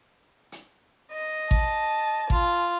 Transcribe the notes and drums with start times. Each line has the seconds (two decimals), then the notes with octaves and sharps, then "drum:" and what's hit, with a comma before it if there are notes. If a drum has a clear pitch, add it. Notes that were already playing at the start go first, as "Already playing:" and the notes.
0.52 drum: hi-hat
1.12 D#5
1.51 A5, drum: kick G#1
2.30 F4, drum: kick G#1